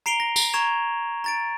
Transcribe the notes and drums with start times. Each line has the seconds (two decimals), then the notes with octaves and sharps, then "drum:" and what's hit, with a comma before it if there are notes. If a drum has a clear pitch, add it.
0.06 A#5 C7 D7 F7 G7
0.20 A#6
0.36 drum: tambourine
0.53 A#5 C#6 G#6 E7 F7
1.24 A#5 A6 D7